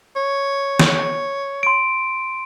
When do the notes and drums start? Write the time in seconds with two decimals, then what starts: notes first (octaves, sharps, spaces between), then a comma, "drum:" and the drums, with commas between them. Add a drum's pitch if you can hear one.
0.16 C#5
0.79 drum: snare
1.63 C6 D7